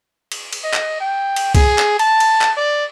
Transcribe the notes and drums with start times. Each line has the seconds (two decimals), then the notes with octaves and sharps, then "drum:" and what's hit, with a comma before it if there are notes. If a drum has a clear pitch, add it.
0.32 drum: cymbal
0.53 drum: cymbal
0.64 D#5
0.74 drum: clap
1.00 G5
1.36 drum: cymbal
1.55 G#4, drum: kick, cymbal
1.78 drum: clap
1.99 A5, drum: cymbal
2.20 drum: cymbal
2.41 drum: clap
2.57 D5